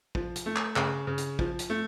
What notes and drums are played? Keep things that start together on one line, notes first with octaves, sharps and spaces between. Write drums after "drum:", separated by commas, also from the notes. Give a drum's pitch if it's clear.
F3, drum: kick
drum: hi-hat
A3
drum: clap
C#3, drum: clap
C#3
drum: hi-hat
F3, drum: kick
drum: hi-hat
A3